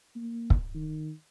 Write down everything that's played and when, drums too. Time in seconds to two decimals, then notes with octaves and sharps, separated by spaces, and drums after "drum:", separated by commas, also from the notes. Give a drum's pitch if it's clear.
0.16 A#3
0.50 drum: kick
0.74 D#3